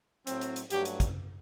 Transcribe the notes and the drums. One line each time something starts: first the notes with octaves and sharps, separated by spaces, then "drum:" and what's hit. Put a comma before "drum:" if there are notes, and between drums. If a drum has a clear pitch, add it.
A2 F#3 C4, drum: hi-hat
drum: hi-hat
drum: hi-hat
G2 F#3 A3 G4, drum: hi-hat
drum: hi-hat
drum: kick, hi-hat